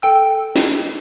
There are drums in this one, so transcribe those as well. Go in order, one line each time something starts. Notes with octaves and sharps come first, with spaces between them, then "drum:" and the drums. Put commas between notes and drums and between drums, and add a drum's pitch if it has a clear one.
A4 G5 E6
drum: snare